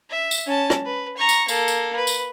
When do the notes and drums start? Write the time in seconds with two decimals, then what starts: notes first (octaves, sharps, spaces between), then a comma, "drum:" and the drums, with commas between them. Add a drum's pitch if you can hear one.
0.10 E5
0.31 drum: tambourine
0.47 C#4 A5
0.70 drum: rim click
0.85 B4
1.17 A#5 C#6
1.29 drum: tambourine
1.48 A#3 A4, drum: tambourine
1.68 drum: tambourine
1.96 B4
2.07 drum: tambourine